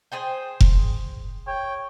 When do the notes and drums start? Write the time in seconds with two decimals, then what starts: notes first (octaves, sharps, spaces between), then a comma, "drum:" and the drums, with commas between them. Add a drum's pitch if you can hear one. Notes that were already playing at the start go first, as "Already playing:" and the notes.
0.12 G#4 C5 G5
0.61 drum: kick F1
1.47 C#5 G5